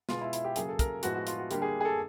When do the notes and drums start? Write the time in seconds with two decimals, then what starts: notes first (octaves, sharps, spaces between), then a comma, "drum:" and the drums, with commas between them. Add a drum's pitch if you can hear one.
0.09 B2 G#3 B3 F4, drum: snare
0.21 E4
0.33 E4, drum: hi-hat
0.44 G4
0.56 C#3 F#3 A#3 G#4, drum: hi-hat
0.68 A4
0.79 A#4, drum: kick, hi-hat
1.03 A2 F3 G#3 B3 F#4, drum: hi-hat
1.14 F#4
1.27 F4, drum: hi-hat
1.38 F#4
1.51 D3 G3 A#3 G4, drum: hi-hat
1.62 G#4
1.80 G#4
1.85 A4